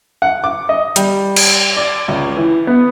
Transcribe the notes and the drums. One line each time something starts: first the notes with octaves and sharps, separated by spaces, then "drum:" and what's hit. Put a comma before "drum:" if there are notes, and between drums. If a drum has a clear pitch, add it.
F#5
D6
D#5
G3, drum: hi-hat
drum: cymbal
D5
C#2
E3
B3